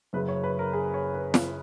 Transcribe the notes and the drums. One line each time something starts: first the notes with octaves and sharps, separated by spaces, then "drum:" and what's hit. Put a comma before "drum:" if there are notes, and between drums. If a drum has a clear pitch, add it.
F#1 F#2 C#3 B4
C#5
B4
A#4
G#4
C#5
B4
drum: snare